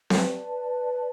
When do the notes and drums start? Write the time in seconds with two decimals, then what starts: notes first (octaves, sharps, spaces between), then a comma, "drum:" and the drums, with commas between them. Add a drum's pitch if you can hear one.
0.10 B4 D5 A5, drum: snare C4